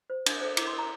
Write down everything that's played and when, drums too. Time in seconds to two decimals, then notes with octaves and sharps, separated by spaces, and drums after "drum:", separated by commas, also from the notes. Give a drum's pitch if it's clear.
0.10 C5
0.26 D4, drum: cymbal
0.41 A4 C5
0.57 E4 D6, drum: cymbal
0.67 C6
0.73 A#4
0.78 A#5